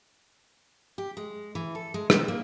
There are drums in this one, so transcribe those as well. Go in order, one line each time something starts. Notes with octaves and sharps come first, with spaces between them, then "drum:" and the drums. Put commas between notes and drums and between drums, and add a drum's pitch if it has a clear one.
G4
G#3
E3
A4
G#3
C4, drum: rim click
A#3